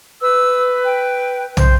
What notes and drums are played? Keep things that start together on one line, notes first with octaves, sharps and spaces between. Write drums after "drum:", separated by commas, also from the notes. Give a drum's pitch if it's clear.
B4 E6
G5
C5, drum: tom